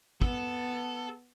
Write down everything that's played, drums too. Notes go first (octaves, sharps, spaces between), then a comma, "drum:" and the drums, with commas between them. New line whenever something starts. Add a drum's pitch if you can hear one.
B3 A4, drum: kick